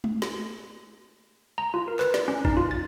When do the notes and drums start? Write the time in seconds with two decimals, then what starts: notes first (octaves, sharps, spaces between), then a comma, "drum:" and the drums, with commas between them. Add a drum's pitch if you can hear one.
0.04 drum: tom G#3
0.22 drum: snare
1.58 A#5
1.74 F4
1.88 A#4
1.99 B4, drum: clap
2.14 D5, drum: snare
2.28 C#4
2.45 D#4, drum: kick G#1
2.57 F4
2.71 A6